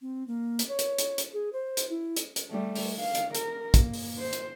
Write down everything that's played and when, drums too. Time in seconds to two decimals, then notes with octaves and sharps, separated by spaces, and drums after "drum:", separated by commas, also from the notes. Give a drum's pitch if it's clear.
0.02 C4
0.28 A#3
0.59 drum: hi-hat
0.68 C#5
0.79 drum: hi-hat
0.98 drum: hi-hat
1.18 drum: hi-hat
1.33 G#4
1.53 C5
1.77 drum: hi-hat
1.90 E4
2.16 drum: hi-hat
2.36 drum: hi-hat
2.51 G3 A3
2.75 drum: open hi-hat
2.99 F5
3.15 drum: hi-hat
3.35 A#4, drum: hi-hat
3.74 A#3, drum: kick, hi-hat
3.93 drum: open hi-hat
4.18 C5
4.33 drum: hi-hat